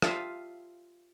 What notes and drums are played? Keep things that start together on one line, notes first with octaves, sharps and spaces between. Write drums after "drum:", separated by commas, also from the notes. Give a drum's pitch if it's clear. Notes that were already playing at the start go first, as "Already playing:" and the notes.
F4 G4 E5 F5 A5 D#6, drum: rim click